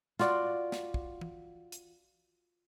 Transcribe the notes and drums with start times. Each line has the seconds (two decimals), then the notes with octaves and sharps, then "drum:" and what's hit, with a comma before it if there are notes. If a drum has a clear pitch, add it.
0.19 F4 F#4 D5, drum: snare
0.72 drum: snare
0.94 drum: kick
1.21 drum: tom
1.72 drum: hi-hat